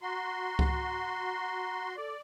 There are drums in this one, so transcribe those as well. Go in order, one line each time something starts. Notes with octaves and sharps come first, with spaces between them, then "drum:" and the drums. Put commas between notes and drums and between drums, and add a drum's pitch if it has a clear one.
F#4 A#5 C6
drum: kick C#2
A4 D5